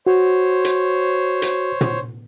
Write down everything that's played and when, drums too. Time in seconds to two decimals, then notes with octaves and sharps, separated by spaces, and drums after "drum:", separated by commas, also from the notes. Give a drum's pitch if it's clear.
0.07 F#4 C5 C#5
0.65 drum: hi-hat
1.42 drum: hi-hat
1.81 drum: tom